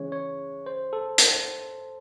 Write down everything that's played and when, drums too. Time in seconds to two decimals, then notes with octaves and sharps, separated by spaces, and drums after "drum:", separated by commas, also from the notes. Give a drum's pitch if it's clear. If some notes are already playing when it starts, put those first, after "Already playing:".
Already playing: C#3 E3 G#3 C#5
0.12 C#5
0.66 C5
0.93 A4
1.18 drum: hi-hat